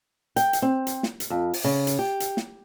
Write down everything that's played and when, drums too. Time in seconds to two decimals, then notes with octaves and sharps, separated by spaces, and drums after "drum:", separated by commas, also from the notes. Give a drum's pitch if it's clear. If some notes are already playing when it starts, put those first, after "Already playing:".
0.36 G5, drum: hi-hat
0.53 drum: hi-hat
0.62 C4
0.87 drum: hi-hat
1.03 drum: snare
1.20 drum: hi-hat
1.30 F2
1.53 drum: open hi-hat
1.64 C#3
1.87 drum: hi-hat
1.99 G4
2.20 drum: hi-hat
2.37 drum: snare